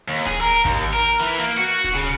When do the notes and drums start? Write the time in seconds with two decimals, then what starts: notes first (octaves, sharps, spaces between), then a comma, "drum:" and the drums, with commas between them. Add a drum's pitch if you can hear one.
0.09 D#2
0.26 G#4, drum: snare D1
0.41 A#4
0.65 D#2, drum: kick G#1
0.93 A#4
1.20 E3
1.39 A#3
1.58 F#4
1.84 drum: snare D1
1.94 C#3